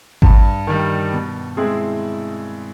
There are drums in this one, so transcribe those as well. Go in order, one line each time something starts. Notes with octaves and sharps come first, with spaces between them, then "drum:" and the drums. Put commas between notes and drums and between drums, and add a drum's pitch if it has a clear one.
G2, drum: kick G#1
D#3 G3
B2
G#3 C4 E4 G#4